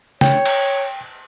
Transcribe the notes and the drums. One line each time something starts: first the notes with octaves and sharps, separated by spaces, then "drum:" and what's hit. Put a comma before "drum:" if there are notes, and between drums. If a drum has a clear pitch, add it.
C#5 G5, drum: snare
drum: cymbal